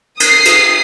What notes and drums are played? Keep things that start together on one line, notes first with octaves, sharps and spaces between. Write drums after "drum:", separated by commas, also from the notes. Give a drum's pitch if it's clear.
D#6 C7, drum: cymbal
drum: cymbal